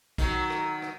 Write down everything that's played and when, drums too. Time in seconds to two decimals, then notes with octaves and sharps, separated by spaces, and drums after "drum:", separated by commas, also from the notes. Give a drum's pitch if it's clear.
0.18 D#3 F#3, drum: kick, hi-hat
0.50 drum: rim click
0.82 drum: rim click